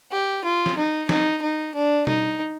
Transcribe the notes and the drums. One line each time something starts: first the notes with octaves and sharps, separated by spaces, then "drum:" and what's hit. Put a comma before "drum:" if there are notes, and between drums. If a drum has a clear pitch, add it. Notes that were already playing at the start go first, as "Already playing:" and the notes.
G4
F4
drum: snare
D#4
D#4, drum: snare
D#4
D4
D#4, drum: tom B2